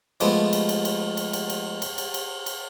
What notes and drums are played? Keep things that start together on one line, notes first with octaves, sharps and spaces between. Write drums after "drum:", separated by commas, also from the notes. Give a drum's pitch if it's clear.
F3 G#3 A3 B3, drum: cymbal
drum: cymbal
drum: cymbal
drum: cymbal
drum: cymbal
drum: cymbal
drum: cymbal
drum: cymbal
drum: cymbal
drum: cymbal
drum: cymbal